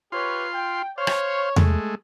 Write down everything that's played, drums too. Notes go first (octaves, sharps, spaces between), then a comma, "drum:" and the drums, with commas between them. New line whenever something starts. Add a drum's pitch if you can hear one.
F4 G4 B4 C#5 C6
G5
C5 C#5 F5
drum: rim click
G#3 A3, drum: tom E2